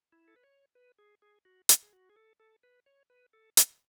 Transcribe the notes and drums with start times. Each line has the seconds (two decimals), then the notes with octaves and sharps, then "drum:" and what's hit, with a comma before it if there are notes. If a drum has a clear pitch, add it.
0.12 E4
0.28 A4
0.36 B4
0.43 C#5
0.75 B4
0.98 G#4
1.22 G#4
1.45 F#4
1.69 drum: hi-hat
1.83 G#4
1.93 F#4
2.10 G#4
2.16 A4
2.40 A4
2.63 B4
2.86 C#5
3.10 B4
3.33 A4
3.57 drum: hi-hat